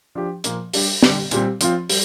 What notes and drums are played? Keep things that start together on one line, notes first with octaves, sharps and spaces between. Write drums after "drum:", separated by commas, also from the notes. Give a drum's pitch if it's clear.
F3 D4 G4
A#2 F3 A#3, drum: hi-hat
G3 D4 G4, drum: open hi-hat
D3 G3 D4 G4, drum: snare
A#2 G3 C4, drum: hi-hat
F3 C4 F4, drum: hi-hat
G3, drum: open hi-hat